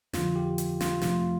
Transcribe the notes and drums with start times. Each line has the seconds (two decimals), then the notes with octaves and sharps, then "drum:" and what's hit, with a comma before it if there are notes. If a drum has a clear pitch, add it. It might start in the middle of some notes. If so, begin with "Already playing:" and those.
0.13 F2 D3 F3 F4, drum: snare
0.36 G4
0.58 drum: hi-hat
0.81 F4, drum: snare
1.01 F2 C3 F3 A3 C4 F4, drum: snare